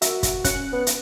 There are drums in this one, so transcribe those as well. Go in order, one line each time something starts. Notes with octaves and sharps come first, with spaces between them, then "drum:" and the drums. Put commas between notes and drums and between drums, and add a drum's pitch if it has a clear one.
F#4 A#4 E5, drum: hi-hat
drum: kick, hi-hat
C#4 F#6 C#7, drum: kick, hi-hat
B3
drum: hi-hat